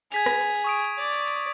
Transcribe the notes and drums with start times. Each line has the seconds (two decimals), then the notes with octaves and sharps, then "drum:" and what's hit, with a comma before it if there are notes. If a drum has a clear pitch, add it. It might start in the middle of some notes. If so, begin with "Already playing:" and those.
0.12 G#4 G#6 B6 F7, drum: hi-hat
0.26 drum: rim click
0.41 drum: hi-hat
0.55 drum: hi-hat
0.64 C#6 D#6 D7
0.84 drum: hi-hat
0.98 D5
1.13 drum: hi-hat
1.28 drum: hi-hat